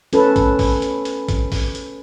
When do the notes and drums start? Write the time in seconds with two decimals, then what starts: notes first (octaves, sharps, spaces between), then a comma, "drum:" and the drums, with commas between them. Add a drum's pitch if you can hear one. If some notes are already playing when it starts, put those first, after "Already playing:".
0.13 C#4 A4 B4, drum: hi-hat
0.36 drum: kick, hi-hat
0.59 drum: kick, open hi-hat
0.82 drum: hi-hat
1.05 drum: hi-hat
1.28 drum: kick, hi-hat
1.52 drum: kick, open hi-hat
1.75 drum: hi-hat